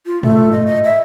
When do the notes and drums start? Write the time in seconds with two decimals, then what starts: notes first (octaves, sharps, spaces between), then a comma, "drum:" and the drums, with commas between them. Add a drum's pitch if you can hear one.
0.06 F4
0.23 A3, drum: tom
0.52 D#5
0.66 D#5
0.84 E5